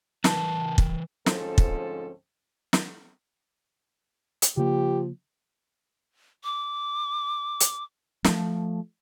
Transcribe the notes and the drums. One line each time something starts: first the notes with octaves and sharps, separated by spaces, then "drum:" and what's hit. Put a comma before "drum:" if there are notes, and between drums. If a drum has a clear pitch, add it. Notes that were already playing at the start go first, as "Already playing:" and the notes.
E3 A#4 B4 A5, drum: snare
drum: kick
D2 G#2 F3 C4 C#4 A4, drum: snare
drum: kick
drum: snare
drum: hi-hat
C#3 F3 A#3 G4
D6
drum: hi-hat
F3 A3, drum: snare